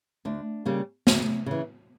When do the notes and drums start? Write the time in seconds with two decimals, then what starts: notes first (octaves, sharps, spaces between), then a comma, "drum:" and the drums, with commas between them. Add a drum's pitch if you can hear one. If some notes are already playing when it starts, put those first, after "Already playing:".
0.25 D2 D4
0.65 C#3 G3 A#3
1.07 D2, drum: snare
1.46 C#3 E3